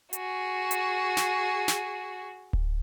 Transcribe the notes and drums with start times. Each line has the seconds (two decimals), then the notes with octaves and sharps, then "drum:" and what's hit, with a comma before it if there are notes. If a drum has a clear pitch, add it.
0.13 F#4 G#4, drum: hi-hat
0.71 drum: hi-hat
1.17 drum: snare
1.68 drum: snare
2.53 drum: kick D1